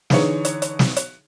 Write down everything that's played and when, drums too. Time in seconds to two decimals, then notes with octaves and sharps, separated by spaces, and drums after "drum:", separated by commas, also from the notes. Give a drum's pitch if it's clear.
0.10 D3 E3 D#4 G#4 C#5, drum: snare
0.45 drum: hi-hat
0.62 drum: hi-hat
0.79 drum: snare
0.96 drum: hi-hat